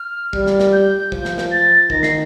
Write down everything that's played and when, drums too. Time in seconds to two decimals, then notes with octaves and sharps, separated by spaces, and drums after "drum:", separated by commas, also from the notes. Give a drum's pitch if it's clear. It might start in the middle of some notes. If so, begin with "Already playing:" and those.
Already playing: F6
0.33 G3, drum: kick
0.46 drum: snare
0.60 drum: snare
0.73 G6
1.12 F3, drum: kick
1.25 drum: snare
1.38 drum: snare
1.51 A6
1.90 D#3 A#6, drum: kick
2.03 C7, drum: snare